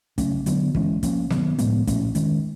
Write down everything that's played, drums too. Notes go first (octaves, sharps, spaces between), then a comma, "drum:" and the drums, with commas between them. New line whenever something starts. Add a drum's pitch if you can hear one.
C#3 F#3 A3 C#4, drum: kick, hi-hat
D3 F#3 B3 D4, drum: hi-hat
E3 G#3 C#4, drum: kick
F3 A#3 C#4, drum: kick, hi-hat
C3 D#3 F#3 B3, drum: snare
A2 F3 G#3 B3, drum: hi-hat
A#2 F3 A3 C#4, drum: kick, hi-hat
D#3 G#3 C#4, drum: hi-hat